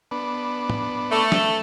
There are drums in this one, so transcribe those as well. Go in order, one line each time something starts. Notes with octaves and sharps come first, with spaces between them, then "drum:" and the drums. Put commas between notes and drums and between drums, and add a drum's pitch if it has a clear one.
B3 D4
drum: tom
A3
drum: snare